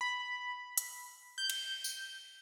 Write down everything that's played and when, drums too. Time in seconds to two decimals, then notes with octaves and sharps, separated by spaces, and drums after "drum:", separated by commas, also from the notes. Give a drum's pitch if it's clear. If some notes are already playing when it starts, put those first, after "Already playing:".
0.01 B5
0.78 drum: hi-hat
1.38 G6
1.50 drum: cymbal
1.84 drum: tambourine